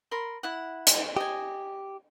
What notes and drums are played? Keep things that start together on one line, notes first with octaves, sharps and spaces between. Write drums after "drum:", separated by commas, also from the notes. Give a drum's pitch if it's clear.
A#4 B5 C6
E4 F#5
drum: hi-hat
G4 D#5 G#5